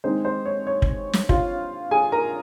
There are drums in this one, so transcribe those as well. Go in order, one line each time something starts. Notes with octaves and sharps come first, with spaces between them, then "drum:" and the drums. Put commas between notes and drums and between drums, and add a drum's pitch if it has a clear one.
D#3 G#3 C4 D#4 C5
C5
C#5
C#5
drum: kick
drum: snare
F4 F5, drum: kick
G#4 G#5
A#4 A#5